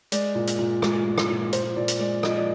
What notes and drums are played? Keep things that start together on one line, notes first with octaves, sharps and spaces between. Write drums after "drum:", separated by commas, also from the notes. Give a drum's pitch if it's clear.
G#3 D5, drum: hi-hat
A#2
drum: hi-hat
A#2
G#3, drum: rim click
G#3
drum: rim click
A#2
A#2 C5, drum: hi-hat
A#2 D5
drum: hi-hat
G#3 D5
F3 D#5, drum: rim click
D5